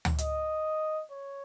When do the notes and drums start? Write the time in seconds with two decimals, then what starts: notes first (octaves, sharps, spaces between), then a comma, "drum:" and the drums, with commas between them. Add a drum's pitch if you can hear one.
0.05 drum: tom D2
0.18 D#5, drum: hi-hat
1.11 C#5